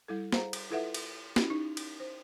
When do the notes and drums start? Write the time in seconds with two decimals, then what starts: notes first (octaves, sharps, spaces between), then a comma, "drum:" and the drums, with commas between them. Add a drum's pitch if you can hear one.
0.08 G3 E4 A4
0.32 G#4 C5 F5 F#5 A#5, drum: snare
0.53 drum: cymbal
0.70 E4 F4 A4 B4 E5 F#5
0.94 drum: cymbal
1.36 C#4 E4 G4, drum: snare
1.50 D#4
1.77 drum: cymbal
2.00 C5